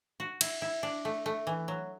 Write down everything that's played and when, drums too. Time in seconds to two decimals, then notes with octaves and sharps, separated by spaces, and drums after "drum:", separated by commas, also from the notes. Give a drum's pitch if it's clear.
0.20 F#4
0.41 E4, drum: cymbal
0.62 E4
0.83 D4
1.05 A3
1.26 A3
1.47 E3
1.68 F#3